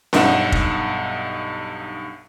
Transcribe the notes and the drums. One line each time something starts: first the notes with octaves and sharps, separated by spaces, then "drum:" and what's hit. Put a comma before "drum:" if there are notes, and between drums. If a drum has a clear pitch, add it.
B1 G2 D#4 E5 F#5 E7, drum: snare C#4
drum: kick F1